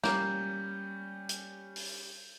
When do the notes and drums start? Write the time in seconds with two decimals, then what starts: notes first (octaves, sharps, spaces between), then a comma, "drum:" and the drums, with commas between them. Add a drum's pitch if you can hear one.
0.04 G3 A#3 C#4 G6, drum: snare
1.29 drum: hi-hat
1.76 drum: open hi-hat